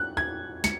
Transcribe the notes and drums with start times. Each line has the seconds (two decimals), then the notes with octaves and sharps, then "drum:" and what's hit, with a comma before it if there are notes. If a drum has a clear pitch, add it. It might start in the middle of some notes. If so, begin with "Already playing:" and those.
Already playing: F#6
0.17 G#6
0.64 C#7, drum: snare